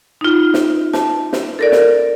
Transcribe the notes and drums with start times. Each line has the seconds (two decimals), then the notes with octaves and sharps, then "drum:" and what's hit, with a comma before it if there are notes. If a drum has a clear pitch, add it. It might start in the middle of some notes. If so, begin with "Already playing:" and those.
0.21 D#4 F4
0.54 drum: snare
0.93 A5, drum: snare
1.33 drum: snare
1.59 A4 A#4 D5
1.72 drum: snare